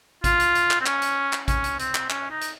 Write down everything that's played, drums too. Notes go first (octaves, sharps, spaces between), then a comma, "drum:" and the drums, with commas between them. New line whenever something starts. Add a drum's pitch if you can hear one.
F4, drum: kick A1, hi-hat
drum: hi-hat
drum: hi-hat
drum: clap
C4
C#4, drum: clap
drum: hi-hat
drum: clap
C#4, drum: kick A1, hi-hat
drum: hi-hat
C4, drum: hi-hat
drum: clap
C#4, drum: clap
D#4
drum: hi-hat